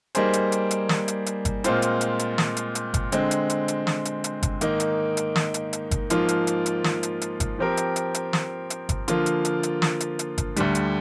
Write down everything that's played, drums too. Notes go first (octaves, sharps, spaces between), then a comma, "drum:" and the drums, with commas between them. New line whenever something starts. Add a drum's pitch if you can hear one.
G3 A#3 D#4 G#4 C5, drum: hi-hat
drum: hi-hat
drum: hi-hat
drum: hi-hat
drum: snare
drum: hi-hat
drum: hi-hat
drum: kick G1, hi-hat
A#2 G#3 C4 F4 C5, drum: hi-hat
drum: hi-hat
drum: hi-hat
drum: hi-hat
drum: snare
drum: hi-hat
drum: hi-hat
drum: kick G1, hi-hat
D3 G#3 C4, drum: hi-hat
drum: hi-hat
drum: hi-hat
drum: hi-hat
drum: snare
drum: hi-hat
drum: hi-hat
drum: kick G1, hi-hat
G#2 D#3 A#3 D#4, drum: hi-hat
drum: hi-hat
drum: hi-hat
drum: snare
drum: hi-hat
drum: hi-hat
drum: kick G1, hi-hat
G#2 F3 A#3 F4, drum: hi-hat
drum: hi-hat
drum: hi-hat
drum: hi-hat
drum: snare
drum: hi-hat
drum: hi-hat
drum: kick G1, hi-hat
F3 C4 G4 A#4
drum: hi-hat
drum: hi-hat
drum: hi-hat
drum: snare
drum: hi-hat
drum: kick G1, hi-hat
D3 F3 A#3 F4, drum: hi-hat
drum: hi-hat
drum: hi-hat
drum: hi-hat
drum: snare
drum: hi-hat
drum: hi-hat
drum: kick G1, hi-hat
D2 D3 G3, drum: hi-hat
drum: hi-hat